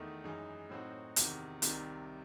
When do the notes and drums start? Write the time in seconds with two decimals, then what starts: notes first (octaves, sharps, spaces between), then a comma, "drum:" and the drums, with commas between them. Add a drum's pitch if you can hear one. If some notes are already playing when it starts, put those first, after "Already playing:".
Already playing: E2 D#3 A3 D#4
0.24 F#2 E3 G#3 D#4
0.70 A2 F#3 C4 D#4 F#4
1.16 E2 C3 D#3, drum: hi-hat
1.62 C2 C3 D#3, drum: hi-hat